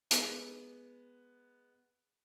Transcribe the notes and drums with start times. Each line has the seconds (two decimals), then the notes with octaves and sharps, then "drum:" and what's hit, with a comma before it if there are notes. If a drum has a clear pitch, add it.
0.11 G#3 B3, drum: hi-hat